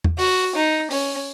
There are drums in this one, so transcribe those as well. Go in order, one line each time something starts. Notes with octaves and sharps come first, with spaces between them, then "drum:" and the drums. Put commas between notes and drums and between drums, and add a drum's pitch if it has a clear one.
drum: tom E2
F#4, drum: open hi-hat
D#4
C#4, drum: open hi-hat